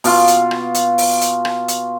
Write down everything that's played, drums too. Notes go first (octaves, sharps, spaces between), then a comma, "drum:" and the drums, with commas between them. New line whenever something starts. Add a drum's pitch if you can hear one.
B2 F4, drum: open hi-hat
drum: hi-hat
drum: rim click
drum: hi-hat
drum: open hi-hat
drum: hi-hat
drum: rim click
drum: hi-hat